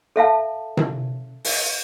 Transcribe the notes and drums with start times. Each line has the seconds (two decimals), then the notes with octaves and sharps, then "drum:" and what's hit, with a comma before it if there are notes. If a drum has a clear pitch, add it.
0.16 A4 E5 F5 A5
0.77 drum: tom C3
1.45 drum: open hi-hat